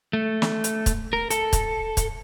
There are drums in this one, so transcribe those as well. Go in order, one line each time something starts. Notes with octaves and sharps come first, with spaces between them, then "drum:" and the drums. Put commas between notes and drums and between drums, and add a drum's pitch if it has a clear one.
A3
drum: snare
drum: hi-hat
drum: kick, hi-hat
A#4
A4, drum: hi-hat
drum: kick, hi-hat
drum: kick, hi-hat